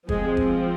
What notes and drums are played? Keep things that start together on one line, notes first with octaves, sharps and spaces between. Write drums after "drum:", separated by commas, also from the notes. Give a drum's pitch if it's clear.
F3 G#3 C4 G#4, drum: kick
drum: kick